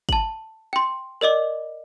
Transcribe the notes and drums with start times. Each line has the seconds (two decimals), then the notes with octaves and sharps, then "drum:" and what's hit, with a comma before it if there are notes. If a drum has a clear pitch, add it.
0.09 A5 F#7, drum: kick
0.73 G5 C6
1.21 A#4 D5 D#5 D6